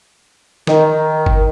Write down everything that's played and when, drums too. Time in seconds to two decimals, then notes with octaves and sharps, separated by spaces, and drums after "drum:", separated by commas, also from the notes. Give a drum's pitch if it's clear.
0.67 D#3, drum: snare
1.26 drum: kick G1